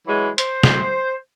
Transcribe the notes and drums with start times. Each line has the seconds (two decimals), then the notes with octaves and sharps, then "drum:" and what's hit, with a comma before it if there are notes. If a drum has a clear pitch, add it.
0.06 E3 F#3 G#3
0.38 C5, drum: hi-hat
0.63 drum: snare